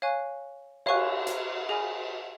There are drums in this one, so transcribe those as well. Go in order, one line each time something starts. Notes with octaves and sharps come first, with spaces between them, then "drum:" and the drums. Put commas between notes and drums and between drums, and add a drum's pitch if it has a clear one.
C#5 F5 G#5 C#6 F#6
C#5 F5 G#5 C#6 F#6, drum: cymbal
drum: hi-hat
G#4 D#5 G#5 B5 F6